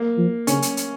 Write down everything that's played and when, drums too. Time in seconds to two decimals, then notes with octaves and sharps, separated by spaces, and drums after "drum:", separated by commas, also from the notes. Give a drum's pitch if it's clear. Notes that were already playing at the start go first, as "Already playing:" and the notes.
Already playing: A#3
0.18 F3
0.47 C#3 C#4, drum: hi-hat
0.62 drum: hi-hat
0.77 drum: hi-hat